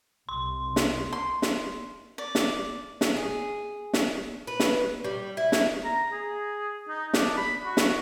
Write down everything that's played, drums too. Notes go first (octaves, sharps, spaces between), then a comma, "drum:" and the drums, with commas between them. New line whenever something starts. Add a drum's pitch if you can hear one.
C2 C6
drum: snare
C6
drum: snare
D5
drum: snare
drum: snare
G#4
drum: snare
B4
drum: snare
G3
E4
drum: snare
A#5
G#4
D#4
D4, drum: snare
B5
F#4
drum: snare